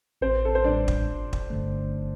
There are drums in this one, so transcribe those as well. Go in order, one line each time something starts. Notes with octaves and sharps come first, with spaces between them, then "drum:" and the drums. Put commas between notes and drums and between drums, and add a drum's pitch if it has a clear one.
A1 C4 C5
A4
C5
A2 G3 D4 D5
drum: kick
G1
drum: kick
G2 D3 A3